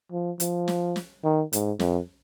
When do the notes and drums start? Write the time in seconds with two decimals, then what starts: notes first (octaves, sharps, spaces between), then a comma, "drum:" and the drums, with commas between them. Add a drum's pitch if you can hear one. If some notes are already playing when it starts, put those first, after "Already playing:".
0.12 F3
0.40 F3, drum: hi-hat
0.68 drum: snare
0.96 drum: snare
1.24 D#3
1.53 G#2, drum: hi-hat
1.80 F2, drum: snare